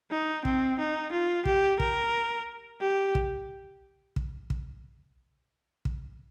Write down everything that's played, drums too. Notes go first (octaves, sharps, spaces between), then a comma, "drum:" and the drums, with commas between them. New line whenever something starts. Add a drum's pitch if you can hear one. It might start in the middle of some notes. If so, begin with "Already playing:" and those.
D#4
C4, drum: kick
D#4
F4
G4, drum: kick
A#4, drum: kick
G4
drum: kick
drum: kick
drum: kick
drum: kick